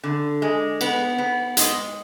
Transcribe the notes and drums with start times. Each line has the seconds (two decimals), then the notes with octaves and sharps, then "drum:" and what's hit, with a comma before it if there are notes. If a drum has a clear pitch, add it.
0.04 D3
0.42 G#3
0.81 B3, drum: cymbal
1.18 B3
1.57 G#3, drum: hi-hat